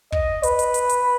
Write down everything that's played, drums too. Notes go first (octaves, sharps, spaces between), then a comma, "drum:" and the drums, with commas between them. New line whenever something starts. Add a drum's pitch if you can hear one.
D#5, drum: kick
B4, drum: hi-hat
drum: hi-hat
drum: hi-hat
drum: hi-hat